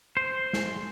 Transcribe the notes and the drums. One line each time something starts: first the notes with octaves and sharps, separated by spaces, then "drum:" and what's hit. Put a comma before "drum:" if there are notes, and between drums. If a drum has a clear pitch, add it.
C5
drum: snare